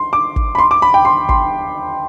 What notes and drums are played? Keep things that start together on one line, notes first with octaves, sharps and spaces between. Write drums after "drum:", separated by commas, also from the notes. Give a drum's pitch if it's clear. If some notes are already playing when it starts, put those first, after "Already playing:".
Already playing: C6
D6
drum: kick
B5
C6
D6
B5
G5
C6
C6, drum: kick